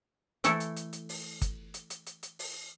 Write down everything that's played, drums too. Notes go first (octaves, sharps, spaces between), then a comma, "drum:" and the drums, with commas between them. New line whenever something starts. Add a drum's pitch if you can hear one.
E3 A3 E4 A4, drum: hi-hat
drum: hi-hat
drum: hi-hat
drum: hi-hat
drum: open hi-hat
drum: kick, hi-hat
drum: hi-hat
drum: hi-hat
drum: hi-hat
drum: hi-hat
drum: open hi-hat